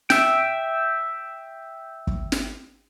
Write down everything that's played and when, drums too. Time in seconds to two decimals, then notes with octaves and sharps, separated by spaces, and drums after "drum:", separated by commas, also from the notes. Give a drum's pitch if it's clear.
0.10 E5 G5, drum: snare
2.07 drum: kick
2.32 drum: snare